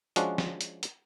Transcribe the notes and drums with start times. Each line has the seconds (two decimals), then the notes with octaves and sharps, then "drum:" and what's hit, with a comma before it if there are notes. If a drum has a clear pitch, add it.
0.16 F3 G#3 C#4 D4 F#4, drum: hi-hat
0.38 drum: snare
0.61 drum: hi-hat
0.83 drum: hi-hat